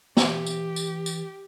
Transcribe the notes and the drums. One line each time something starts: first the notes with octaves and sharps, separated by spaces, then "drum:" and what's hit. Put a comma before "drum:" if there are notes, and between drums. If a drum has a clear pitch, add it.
E3 G4, drum: snare
drum: tambourine
drum: tambourine
drum: tambourine